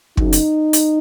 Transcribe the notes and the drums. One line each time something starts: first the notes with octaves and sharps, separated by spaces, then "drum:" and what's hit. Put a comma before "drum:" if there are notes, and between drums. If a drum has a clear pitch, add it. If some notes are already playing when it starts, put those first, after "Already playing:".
F#2 C#3 F#3 D#4, drum: kick
drum: hi-hat
drum: hi-hat